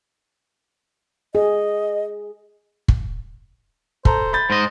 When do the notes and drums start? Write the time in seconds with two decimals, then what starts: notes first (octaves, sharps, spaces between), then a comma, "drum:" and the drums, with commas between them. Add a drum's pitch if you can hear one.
1.35 G#4 D#5
2.88 drum: kick
4.05 A4 C5 A#5, drum: kick
4.33 B5 G6 A6
4.50 G#2 C5 D#5